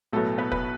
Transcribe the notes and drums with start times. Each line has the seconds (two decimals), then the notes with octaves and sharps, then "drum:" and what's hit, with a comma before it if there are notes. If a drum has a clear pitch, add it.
0.12 B1 A2 F#3 A3 B3 A4
0.38 B3 B4
0.52 B4, drum: kick